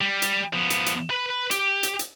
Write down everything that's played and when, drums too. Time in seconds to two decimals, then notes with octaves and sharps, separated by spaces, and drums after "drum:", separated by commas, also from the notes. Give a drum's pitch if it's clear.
0.01 G3
0.22 drum: hi-hat
0.53 F3 B3
0.70 drum: hi-hat
0.86 drum: hi-hat
1.10 B4 B5
1.51 G4, drum: hi-hat
1.83 drum: hi-hat
1.99 drum: hi-hat